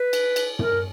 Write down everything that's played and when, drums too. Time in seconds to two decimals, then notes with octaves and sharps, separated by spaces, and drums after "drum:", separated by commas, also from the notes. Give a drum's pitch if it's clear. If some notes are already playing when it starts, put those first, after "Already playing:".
Already playing: B4
0.13 drum: cymbal
0.36 drum: cymbal
0.59 A#4, drum: tom